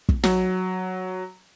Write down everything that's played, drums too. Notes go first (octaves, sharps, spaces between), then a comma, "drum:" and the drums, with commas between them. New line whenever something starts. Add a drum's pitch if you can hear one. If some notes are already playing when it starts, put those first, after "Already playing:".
drum: kick
F#3, drum: snare